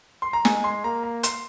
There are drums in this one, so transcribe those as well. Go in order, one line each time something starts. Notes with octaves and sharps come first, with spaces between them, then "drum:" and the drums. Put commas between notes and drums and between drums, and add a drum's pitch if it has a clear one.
C6
A#5
G#3 G#5, drum: snare
C6
A#3 A#5
A#5
C6, drum: hi-hat